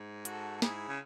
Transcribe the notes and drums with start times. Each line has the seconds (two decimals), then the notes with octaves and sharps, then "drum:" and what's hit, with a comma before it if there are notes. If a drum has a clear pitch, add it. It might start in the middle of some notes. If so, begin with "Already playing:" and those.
Already playing: G#2
0.25 F#4 A4, drum: hi-hat
0.57 A4
0.62 G#2 E4 G#4, drum: snare
0.88 C#3